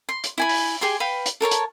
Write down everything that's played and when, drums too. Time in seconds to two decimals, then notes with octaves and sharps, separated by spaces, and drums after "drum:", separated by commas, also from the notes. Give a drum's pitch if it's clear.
0.09 C6
0.24 drum: hi-hat
0.38 E4 G#5 B5
0.49 drum: open hi-hat
0.81 G4 G#4 G#5 C6
1.00 B4 F5 G5
1.26 drum: hi-hat
1.41 A4 A#4 C#5 A5
1.51 drum: hi-hat